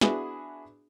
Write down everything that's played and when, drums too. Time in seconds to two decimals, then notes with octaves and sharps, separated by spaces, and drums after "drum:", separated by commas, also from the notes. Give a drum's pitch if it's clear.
0.01 B3 D4 E4 F#4 G#4, drum: snare